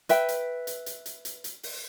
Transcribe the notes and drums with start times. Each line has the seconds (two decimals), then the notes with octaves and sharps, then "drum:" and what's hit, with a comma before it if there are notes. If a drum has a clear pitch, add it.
0.09 B4 E5 G5, drum: hi-hat
0.29 drum: hi-hat
0.67 drum: hi-hat
0.86 drum: hi-hat
1.06 drum: hi-hat
1.25 drum: hi-hat
1.44 drum: hi-hat
1.63 drum: open hi-hat